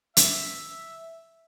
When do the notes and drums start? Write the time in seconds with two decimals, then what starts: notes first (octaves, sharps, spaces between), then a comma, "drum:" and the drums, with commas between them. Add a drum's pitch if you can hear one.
0.17 E5, drum: hi-hat